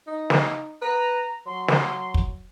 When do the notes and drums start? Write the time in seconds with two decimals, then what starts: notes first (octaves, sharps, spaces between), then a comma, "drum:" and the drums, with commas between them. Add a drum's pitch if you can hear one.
0.07 D#4
0.30 drum: snare
0.82 B4 A#5
1.46 F#3 C6
1.68 drum: snare
2.14 drum: kick